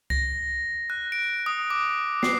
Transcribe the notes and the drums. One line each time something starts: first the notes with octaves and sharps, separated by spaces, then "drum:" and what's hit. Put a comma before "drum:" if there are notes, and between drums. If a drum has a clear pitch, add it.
A#6, drum: kick C#2
F#6
D7
D#6
D6
C7, drum: snare